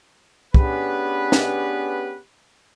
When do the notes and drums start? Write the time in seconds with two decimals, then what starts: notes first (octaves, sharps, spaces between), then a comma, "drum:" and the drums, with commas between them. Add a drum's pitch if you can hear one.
0.54 B3 C#4 D4 G4 G#4 B4, drum: kick
1.32 drum: snare